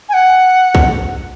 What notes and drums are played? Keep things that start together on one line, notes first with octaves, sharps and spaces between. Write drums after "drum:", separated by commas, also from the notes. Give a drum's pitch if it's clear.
G#5
F#5
drum: kick